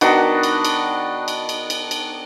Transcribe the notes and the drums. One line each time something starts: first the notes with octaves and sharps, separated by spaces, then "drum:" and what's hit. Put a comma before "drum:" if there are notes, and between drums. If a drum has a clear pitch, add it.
D#3 B3 D4 F#4, drum: cymbal
drum: cymbal
drum: cymbal
drum: cymbal
drum: cymbal
drum: cymbal
drum: cymbal